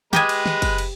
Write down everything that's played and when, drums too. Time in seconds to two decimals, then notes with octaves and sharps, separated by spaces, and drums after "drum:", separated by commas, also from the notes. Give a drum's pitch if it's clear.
0.13 G#3 G4 B4 D#5 G#5, drum: snare
0.29 drum: cymbal
0.46 drum: snare
0.62 drum: kick, cymbal
0.78 drum: cymbal